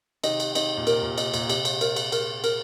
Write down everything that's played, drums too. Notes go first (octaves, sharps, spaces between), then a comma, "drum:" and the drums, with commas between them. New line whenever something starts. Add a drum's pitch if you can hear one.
C3 D#3 D#5, drum: cymbal
drum: cymbal
C3 D#3 D#5, drum: cymbal
A#2
C3 A#4, drum: cymbal
A#2
C3 D#5, drum: cymbal
A#2, drum: cymbal
C3 D#5, drum: cymbal
drum: cymbal
A#4, drum: cymbal
drum: cymbal
A#4, drum: cymbal
A#4, drum: cymbal